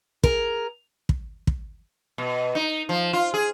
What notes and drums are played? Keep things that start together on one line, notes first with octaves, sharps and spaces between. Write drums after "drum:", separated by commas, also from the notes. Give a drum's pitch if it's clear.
G#4 A#4, drum: kick
drum: kick
drum: kick
B2
D#4
F3
F4
G#4